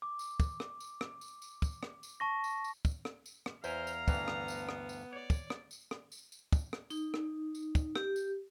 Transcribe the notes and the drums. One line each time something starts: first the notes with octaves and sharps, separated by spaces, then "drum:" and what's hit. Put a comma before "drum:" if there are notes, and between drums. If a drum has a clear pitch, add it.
D6
drum: tambourine
drum: kick, tambourine
drum: rim click
drum: tambourine
drum: rim click
drum: tambourine
drum: tambourine
drum: kick, tambourine
drum: rim click
drum: tambourine
A5 C#6 A#6
drum: tambourine
drum: tambourine
drum: kick, tambourine
drum: rim click
drum: tambourine
drum: rim click
E2 E4 C5 F5 G#5 A#5, drum: tambourine
drum: tambourine
D2 G2 E3 B3, drum: kick, tambourine
drum: rim click
drum: tambourine
drum: rim click
drum: tambourine
C#5 D5
drum: kick, tambourine
drum: rim click
drum: tambourine
drum: rim click
drum: tambourine
drum: tambourine
drum: kick, tambourine
drum: rim click
D#4, drum: tambourine
drum: rim click
drum: tambourine
drum: kick, tambourine
G4, drum: rim click
drum: tambourine